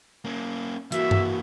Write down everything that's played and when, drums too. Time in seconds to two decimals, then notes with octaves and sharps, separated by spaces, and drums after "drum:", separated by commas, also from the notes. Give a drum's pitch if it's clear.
0.25 A#3 C#4
0.92 E3 A#3 F#4 E5, drum: hi-hat
1.11 drum: tom G2